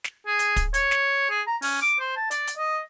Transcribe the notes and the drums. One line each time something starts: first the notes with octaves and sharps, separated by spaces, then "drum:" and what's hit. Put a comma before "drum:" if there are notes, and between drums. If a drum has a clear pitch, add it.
drum: snare
G#4
drum: hi-hat
drum: kick, hi-hat
C#5, drum: hi-hat
drum: snare
G#4
A#5
C#4, drum: open hi-hat
D6
C5
A5
D5, drum: hi-hat
drum: hi-hat
D#5